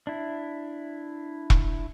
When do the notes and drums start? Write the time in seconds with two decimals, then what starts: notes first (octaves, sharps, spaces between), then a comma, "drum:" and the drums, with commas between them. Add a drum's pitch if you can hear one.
0.07 D4 E4
1.50 drum: kick E1